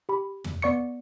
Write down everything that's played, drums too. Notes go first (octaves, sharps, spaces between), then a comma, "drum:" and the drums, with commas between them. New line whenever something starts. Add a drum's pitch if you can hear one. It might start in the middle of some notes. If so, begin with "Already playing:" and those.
G4 B5
drum: tom
B3 D5 C#6 C#7